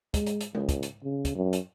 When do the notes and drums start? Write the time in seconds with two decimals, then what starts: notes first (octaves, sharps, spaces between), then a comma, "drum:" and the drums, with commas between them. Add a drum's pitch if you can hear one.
0.14 G#3, drum: kick, hi-hat
0.27 drum: hi-hat
0.41 drum: hi-hat
0.55 C#2, drum: tom G#3
0.69 drum: kick, hi-hat
0.83 drum: hi-hat
1.04 C#3
1.25 drum: kick, hi-hat
1.35 F#2
1.53 drum: hi-hat